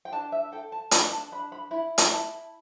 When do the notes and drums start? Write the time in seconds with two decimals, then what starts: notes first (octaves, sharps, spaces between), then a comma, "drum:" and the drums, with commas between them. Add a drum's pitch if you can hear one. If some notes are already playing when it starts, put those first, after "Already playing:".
0.05 G5
0.12 D4 A5
0.32 E5
0.52 A4 G5
0.72 A5
0.91 D4 B5, drum: hi-hat
1.11 A5
1.32 D4 B5
1.52 B5
1.71 E4 B5
1.98 drum: hi-hat
2.11 E4 A5